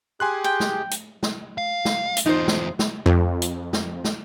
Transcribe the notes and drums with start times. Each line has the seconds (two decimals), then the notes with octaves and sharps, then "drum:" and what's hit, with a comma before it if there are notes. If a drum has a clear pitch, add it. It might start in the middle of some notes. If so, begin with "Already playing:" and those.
0.20 G4 G#4 G#5 C6 F#6
0.44 G5
0.60 drum: snare
0.91 drum: hi-hat
1.23 drum: snare
1.58 F5
1.85 drum: snare
2.17 drum: hi-hat
2.26 E2 D#4 F4 C5
2.48 drum: snare
2.79 drum: snare
3.06 F2
3.42 drum: hi-hat
3.73 drum: snare
4.04 drum: snare